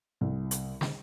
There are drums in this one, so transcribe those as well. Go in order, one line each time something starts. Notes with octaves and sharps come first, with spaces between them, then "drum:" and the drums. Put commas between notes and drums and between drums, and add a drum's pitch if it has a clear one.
C2
drum: hi-hat
drum: snare